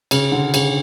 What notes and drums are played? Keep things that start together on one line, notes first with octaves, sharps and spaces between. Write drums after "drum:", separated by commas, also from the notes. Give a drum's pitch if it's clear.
C#3, drum: cymbal
D3
C#3, drum: cymbal